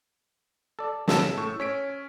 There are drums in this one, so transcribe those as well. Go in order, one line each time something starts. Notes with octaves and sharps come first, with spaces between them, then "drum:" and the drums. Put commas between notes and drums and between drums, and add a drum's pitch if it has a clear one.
A4 D5
B1 C#3 G#4 A5 E6 E7, drum: snare
A2 C#6
C#4 C#5 B6 D7